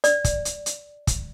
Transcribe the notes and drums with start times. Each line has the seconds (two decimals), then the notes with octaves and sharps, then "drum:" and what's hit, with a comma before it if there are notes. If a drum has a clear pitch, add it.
0.04 D5, drum: hi-hat
0.24 drum: kick, hi-hat
0.45 drum: hi-hat
0.66 drum: hi-hat
1.07 drum: kick, hi-hat